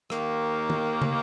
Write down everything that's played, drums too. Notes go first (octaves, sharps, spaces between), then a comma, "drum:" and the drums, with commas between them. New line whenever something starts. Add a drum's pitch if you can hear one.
D#2 D#3 A#3, drum: rim click
drum: tom D#3
drum: tom